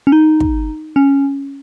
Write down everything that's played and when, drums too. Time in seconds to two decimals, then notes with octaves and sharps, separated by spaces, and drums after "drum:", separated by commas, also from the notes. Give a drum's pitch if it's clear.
0.07 C#4
0.12 D#4
0.40 drum: kick
0.96 C#4